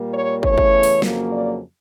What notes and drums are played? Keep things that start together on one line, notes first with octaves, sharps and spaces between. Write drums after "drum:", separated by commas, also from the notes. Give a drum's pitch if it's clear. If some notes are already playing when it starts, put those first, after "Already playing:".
Already playing: A#2 G3 A#3
C#5
E2 C#3 E3 A3 C#5, drum: kick
drum: kick
drum: open hi-hat
F2 C#3 F#3 A#3, drum: snare
D5